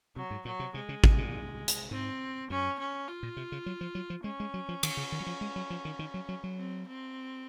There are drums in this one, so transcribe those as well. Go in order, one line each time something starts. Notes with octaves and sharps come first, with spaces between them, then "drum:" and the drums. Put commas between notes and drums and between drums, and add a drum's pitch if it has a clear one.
C3 F#3
G#2
A#2 F#3
C3
C3 G#3
C#3
C3, drum: kick G#1
A#2
drum: hi-hat
G#2 C4
F#2 C#4
C#4
F4
A#2
C3
C#3
F#3
F3
F#3
F3
G#3 C#4
G#3
F#3
F3
D#3, drum: cymbal
C#3
D#3
F#3
F3
G#3
F#3
F3
D#3
D#3
F#3
F#3
F#3
C4
C4